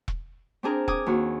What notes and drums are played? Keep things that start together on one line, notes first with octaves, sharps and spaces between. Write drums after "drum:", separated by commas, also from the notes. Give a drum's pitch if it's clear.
drum: kick E1
C4 D4 G#4 A#4
G#5 D6 D#6, drum: kick E1
D#2 F#4